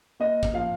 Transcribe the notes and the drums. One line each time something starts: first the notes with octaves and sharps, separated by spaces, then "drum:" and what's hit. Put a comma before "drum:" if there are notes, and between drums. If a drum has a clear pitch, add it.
A#3 D#5
drum: kick
F3 F5